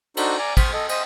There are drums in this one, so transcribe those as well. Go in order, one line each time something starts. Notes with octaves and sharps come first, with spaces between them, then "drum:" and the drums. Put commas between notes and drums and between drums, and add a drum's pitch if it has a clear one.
D4 D#4 F#4 A4 C5, drum: cymbal
D5 G#5 A#5
C5 C#6 D#6 F6, drum: kick, cymbal
A4 D#5
C5 D#5 D#6, drum: cymbal